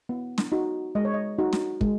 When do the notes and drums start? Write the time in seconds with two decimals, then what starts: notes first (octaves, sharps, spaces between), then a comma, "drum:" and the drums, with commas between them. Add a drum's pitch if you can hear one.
0.09 B3
0.38 drum: snare
0.52 D#4 F#4
0.95 G#3 D#5
1.05 C#5
1.14 D#5
1.39 D#4 F#4
1.53 drum: snare
1.81 G#3, drum: kick